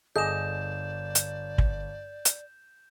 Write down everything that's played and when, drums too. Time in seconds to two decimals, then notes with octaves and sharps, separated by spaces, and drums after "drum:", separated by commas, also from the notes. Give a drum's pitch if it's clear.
0.16 G1 G#4 A4 D5 D#5 D6 G6 E7
1.15 drum: hi-hat
1.58 drum: kick
2.25 drum: hi-hat